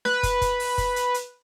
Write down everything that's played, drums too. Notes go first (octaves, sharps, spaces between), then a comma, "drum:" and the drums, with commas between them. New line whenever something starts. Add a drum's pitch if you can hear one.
B4, drum: snare
drum: kick, hi-hat
drum: kick, hi-hat
drum: open hi-hat
drum: kick, hi-hat
drum: hi-hat
drum: hi-hat